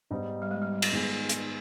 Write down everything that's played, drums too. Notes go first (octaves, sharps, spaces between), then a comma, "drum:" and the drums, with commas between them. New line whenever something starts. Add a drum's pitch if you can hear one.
G#2 G3 B3 D#4 G4
G3
G#3
G3
G3
G3, drum: cymbal
G#2 D#3 G#3 B3
drum: hi-hat